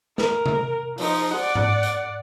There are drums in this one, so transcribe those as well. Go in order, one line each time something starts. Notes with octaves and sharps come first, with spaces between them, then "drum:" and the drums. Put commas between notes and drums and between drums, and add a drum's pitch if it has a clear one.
A#4, drum: snare
drum: tom C3
F3 D#4, drum: open hi-hat
D5 F#5
drum: tom G#2
drum: hi-hat